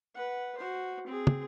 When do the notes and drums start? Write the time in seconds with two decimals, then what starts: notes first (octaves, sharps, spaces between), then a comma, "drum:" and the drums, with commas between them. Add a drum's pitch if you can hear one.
0.15 B4 F#5
0.58 F#4 C5
1.07 C4 G#4
1.27 drum: tom